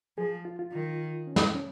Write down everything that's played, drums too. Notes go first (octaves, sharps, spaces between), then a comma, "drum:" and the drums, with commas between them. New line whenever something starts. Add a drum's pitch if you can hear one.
F3 G#4
F4
F4
D#3
C#4
drum: snare
C#4